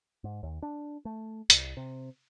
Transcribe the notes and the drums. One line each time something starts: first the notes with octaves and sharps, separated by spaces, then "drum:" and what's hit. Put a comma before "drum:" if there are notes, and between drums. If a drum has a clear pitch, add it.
G#2
D#2
D4
A3
C2, drum: hi-hat
C3